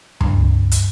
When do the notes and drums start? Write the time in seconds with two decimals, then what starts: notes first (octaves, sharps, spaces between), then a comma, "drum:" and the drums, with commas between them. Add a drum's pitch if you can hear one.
0.21 C#2 G2, drum: tom D2
0.71 drum: hi-hat